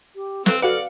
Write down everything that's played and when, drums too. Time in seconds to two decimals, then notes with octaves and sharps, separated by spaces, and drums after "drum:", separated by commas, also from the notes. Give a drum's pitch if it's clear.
0.16 G4
0.46 C4 A4 B4 F5 F#6, drum: snare
0.62 F#4 A4 B4 D5 F5 C#7